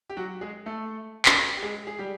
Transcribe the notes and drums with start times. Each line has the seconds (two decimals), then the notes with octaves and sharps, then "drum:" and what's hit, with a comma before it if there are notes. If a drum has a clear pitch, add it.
0.10 G4
0.17 F#3 F#4
0.41 G#3 G#4
0.66 A3 A4
1.26 drum: clap
1.57 G4
1.63 G#3 G#4
1.87 G#4
1.98 G3 G4